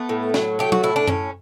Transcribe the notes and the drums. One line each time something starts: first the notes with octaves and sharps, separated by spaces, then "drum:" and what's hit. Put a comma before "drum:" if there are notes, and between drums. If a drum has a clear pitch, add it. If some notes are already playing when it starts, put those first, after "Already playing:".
Already playing: A3 B3
A2
F#3, drum: snare
A3 G4
F#4, drum: tom
A2 E4
D4
A2 C#4, drum: tom F#2